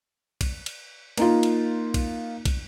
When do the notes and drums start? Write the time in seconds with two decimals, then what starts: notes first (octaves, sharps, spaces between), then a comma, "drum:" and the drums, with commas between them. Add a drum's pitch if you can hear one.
0.41 drum: kick, cymbal
0.66 drum: cymbal
1.18 A#3 D#4 F4, drum: cymbal
1.43 drum: cymbal
1.94 drum: kick, cymbal
2.45 drum: kick, cymbal